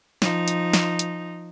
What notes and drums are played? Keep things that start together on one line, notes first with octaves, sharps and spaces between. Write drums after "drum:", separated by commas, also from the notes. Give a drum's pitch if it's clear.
F3 D#4, drum: snare
drum: hi-hat
drum: snare
drum: hi-hat